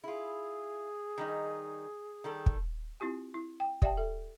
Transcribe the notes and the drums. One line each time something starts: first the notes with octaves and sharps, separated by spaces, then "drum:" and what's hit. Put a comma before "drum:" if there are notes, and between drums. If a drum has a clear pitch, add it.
E4 F4 G#4
D#3 G3 D#4
D#3 G3 A4
drum: kick
C4 E4 F4 G4 G#5
E4
G5
G4 D5 E5 F#5 G5 A5, drum: kick
A4 E5